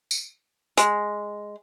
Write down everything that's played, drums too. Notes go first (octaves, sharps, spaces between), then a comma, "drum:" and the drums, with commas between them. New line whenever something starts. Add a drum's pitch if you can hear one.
drum: tambourine
G#3, drum: hi-hat